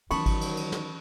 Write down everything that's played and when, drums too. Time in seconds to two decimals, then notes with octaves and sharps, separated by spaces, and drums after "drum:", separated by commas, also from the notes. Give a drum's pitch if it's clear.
0.11 D#3 E3 F#3 C#4 A5 B5 C#6 D#6, drum: cymbal
0.26 drum: kick G#1, cymbal
0.41 drum: cymbal
0.57 drum: cymbal
0.72 drum: snare